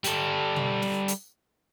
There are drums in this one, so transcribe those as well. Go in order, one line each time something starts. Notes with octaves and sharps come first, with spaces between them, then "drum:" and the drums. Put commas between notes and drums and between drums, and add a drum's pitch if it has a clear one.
G3 A4, drum: hi-hat
drum: tom
drum: snare
drum: hi-hat